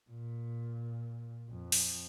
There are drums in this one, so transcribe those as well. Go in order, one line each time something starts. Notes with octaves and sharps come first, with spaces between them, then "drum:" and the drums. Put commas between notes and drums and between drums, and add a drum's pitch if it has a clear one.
A#2
F2
drum: open hi-hat